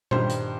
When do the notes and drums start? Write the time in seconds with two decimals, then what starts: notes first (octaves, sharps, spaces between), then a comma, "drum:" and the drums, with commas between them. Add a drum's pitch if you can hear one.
0.11 G2 D#3 G3 C5, drum: tom A#2
0.30 drum: hi-hat